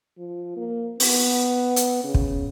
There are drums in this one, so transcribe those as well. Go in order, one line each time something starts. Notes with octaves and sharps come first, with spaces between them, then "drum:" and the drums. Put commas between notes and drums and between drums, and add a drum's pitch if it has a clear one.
F3
A#3
B3, drum: open hi-hat
drum: hi-hat
C#3
drum: kick